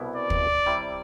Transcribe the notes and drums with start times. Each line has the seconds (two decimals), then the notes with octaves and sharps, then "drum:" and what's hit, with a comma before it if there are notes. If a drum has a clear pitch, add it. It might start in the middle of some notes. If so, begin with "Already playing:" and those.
Already playing: C2 B2 G3 B3 E4
0.16 D5
0.30 drum: kick
0.66 C3 G3 C4 E4